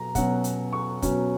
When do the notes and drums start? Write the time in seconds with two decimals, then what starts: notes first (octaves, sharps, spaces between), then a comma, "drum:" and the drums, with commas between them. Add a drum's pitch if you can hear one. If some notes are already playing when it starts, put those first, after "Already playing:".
Already playing: B2 F#3 A#5
0.15 B2 F#3 C#4 F#5, drum: kick, hi-hat
0.44 drum: hi-hat
0.73 C#6
1.02 B2 F#3 C#4, drum: kick, hi-hat